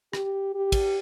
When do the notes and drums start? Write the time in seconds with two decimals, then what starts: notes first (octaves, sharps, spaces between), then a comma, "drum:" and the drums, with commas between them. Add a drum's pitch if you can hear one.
0.13 G4, drum: rim click
0.55 G4
0.72 drum: kick, cymbal